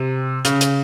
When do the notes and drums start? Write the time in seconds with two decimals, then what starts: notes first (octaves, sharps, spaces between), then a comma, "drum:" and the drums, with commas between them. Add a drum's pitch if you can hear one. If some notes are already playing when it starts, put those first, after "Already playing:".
Already playing: C3
0.45 C#3, drum: hi-hat
0.61 drum: hi-hat